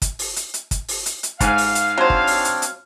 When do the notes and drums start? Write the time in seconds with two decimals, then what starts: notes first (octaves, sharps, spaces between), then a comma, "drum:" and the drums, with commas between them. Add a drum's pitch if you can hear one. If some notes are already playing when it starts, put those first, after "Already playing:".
0.02 drum: kick, hi-hat
0.19 drum: open hi-hat
0.36 drum: hi-hat
0.54 drum: hi-hat
0.71 drum: kick, hi-hat
0.88 drum: open hi-hat
1.06 drum: hi-hat
1.23 drum: hi-hat
1.40 G#2 F5 G#5 F#6, drum: kick, hi-hat
1.58 drum: open hi-hat
1.75 drum: hi-hat
1.98 F#3 C4 D4 C5 C#5
2.10 drum: kick
2.27 drum: open hi-hat
2.45 drum: hi-hat
2.62 drum: hi-hat